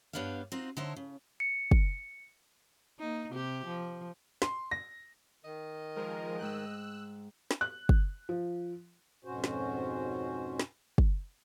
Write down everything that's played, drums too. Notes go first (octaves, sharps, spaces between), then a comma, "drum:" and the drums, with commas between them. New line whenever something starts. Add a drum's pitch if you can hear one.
G2 G3 B3 D4 C#5 F5
C4 D#4 F4 F#4
D3 D#4 E4 A4 C5 C#5
C#3
C#7
drum: kick
A#3 D#4
C3 G4
F3
C6, drum: snare
A#6
D#3 D#5
F3 G#3 A#4
G#2 G5 E6 F#6
drum: snare
F#6
drum: kick
F3
F2 G#2 B2 C#4 F#4 C5
drum: snare
drum: snare
drum: kick